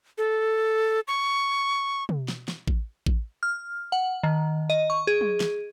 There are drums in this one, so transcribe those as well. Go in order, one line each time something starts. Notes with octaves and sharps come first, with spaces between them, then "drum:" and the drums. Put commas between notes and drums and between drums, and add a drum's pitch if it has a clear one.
A4
C#6
drum: tom
drum: snare
drum: snare
drum: kick A1
drum: kick A1
F6
F#5
D#3
D#5
C#6
G#4
drum: tom
drum: snare